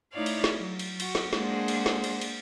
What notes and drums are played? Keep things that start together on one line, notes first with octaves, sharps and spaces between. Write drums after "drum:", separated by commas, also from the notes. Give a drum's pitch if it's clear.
A3 D#4 E4 C#5 D5 F5
drum: cymbal
drum: snare
F#3
drum: cymbal
F#4, drum: cymbal
drum: snare
G#3 A#3 D4 G#4 C5 F#5, drum: snare
drum: cymbal
drum: snare
drum: cymbal
drum: cymbal